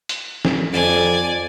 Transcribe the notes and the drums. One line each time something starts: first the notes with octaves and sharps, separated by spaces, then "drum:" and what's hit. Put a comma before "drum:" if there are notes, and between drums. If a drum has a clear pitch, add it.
drum: hi-hat
drum: snare
F2 D5 G#5